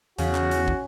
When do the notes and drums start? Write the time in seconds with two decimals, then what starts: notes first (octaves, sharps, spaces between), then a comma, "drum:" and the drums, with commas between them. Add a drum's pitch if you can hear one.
0.18 E2 C#3 F#4, drum: hi-hat
0.35 drum: clap
0.51 drum: hi-hat
0.68 drum: kick